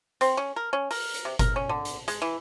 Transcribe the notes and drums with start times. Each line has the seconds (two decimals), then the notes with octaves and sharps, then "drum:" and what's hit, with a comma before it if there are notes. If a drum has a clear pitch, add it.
0.21 C4, drum: hi-hat
0.37 C#4
0.56 A#4
0.73 C#4
0.91 A#4, drum: open hi-hat
1.14 drum: hi-hat
1.25 C3
1.39 A#4, drum: kick F#1, hi-hat
1.56 C#4
1.69 D3
1.85 drum: hi-hat
2.08 G#3, drum: hi-hat
2.22 E3